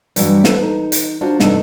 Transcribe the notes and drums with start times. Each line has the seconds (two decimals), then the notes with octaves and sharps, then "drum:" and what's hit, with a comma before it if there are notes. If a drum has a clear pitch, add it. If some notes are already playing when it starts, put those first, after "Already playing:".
0.16 G2 E3 F#3 F#4 G5, drum: hi-hat
0.44 A4 B4 C5, drum: snare
0.61 D#4
0.92 drum: hi-hat
1.21 D4 F4 F#4 A#4 C5
1.40 E2 G2 C3 A3 D#4 A4, drum: snare